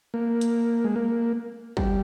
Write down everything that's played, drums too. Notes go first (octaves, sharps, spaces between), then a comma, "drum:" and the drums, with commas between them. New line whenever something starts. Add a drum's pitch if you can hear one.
A#3
drum: hi-hat
G#3
A#3
G3, drum: kick